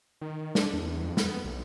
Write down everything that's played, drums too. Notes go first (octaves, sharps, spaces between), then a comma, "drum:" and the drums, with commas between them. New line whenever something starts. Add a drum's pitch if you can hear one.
D#3
D4, drum: snare
E2
F2
B3, drum: snare
B1